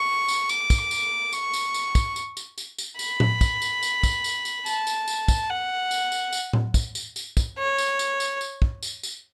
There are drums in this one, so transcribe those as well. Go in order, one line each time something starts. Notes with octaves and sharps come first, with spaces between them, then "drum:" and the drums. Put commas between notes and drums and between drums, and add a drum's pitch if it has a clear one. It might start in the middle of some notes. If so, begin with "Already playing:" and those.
Already playing: C#6
drum: tambourine
D6, drum: tambourine
drum: kick, tambourine
drum: tambourine
C#6, drum: tambourine
drum: tambourine
drum: tambourine
drum: kick, tambourine
drum: tambourine
drum: tambourine
drum: tambourine
drum: tambourine
B5, drum: tambourine
drum: tom A2
drum: kick, tambourine
drum: tambourine
drum: tambourine
drum: kick, tambourine
drum: tambourine
drum: tambourine
A5, drum: tambourine
drum: tambourine
drum: tambourine
drum: kick, tambourine
F#5
drum: tambourine
drum: tambourine
drum: tambourine
drum: tom A2
drum: kick, tambourine
drum: tambourine
drum: tambourine
drum: kick, tambourine
C#5
drum: tambourine
drum: tambourine
drum: tambourine
drum: tambourine
drum: kick
drum: tambourine
drum: tambourine